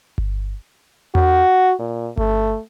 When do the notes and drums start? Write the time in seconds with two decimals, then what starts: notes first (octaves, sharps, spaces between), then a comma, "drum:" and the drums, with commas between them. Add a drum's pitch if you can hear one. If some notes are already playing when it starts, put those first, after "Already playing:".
0.18 drum: kick G1
1.15 F#4, drum: tom E2
1.79 A#2
2.17 A3, drum: kick G1